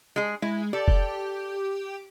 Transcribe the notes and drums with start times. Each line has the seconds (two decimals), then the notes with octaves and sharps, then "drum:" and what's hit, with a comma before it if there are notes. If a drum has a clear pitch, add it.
0.16 G#3 G#4
0.42 G#3 E4
0.73 G4 A4 D5
0.88 drum: kick F1